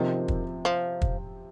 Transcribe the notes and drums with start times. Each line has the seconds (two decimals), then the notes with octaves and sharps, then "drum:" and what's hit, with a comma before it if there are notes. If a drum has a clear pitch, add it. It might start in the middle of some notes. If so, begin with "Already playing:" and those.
Already playing: C3 D#3 F3 C4
0.28 drum: kick
0.65 F3
1.02 drum: kick